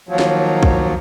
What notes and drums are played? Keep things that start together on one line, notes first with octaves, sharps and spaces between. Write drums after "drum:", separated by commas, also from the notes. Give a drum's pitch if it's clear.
D#2 F3 F#3
drum: snare
drum: kick